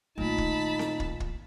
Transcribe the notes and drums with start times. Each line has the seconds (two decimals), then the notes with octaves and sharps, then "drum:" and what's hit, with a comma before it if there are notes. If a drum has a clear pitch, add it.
0.18 A#2 D#3 A3 D#4 A5 B5
0.38 drum: kick
0.79 drum: snare C4
1.00 drum: kick
1.20 drum: kick